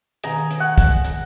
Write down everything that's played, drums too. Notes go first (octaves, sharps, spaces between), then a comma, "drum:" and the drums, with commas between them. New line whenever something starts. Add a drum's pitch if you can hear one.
B2 D#3 G#4 F#5 A#5, drum: hi-hat
drum: hi-hat
F#5 C#6 G#6
drum: kick, hi-hat
drum: hi-hat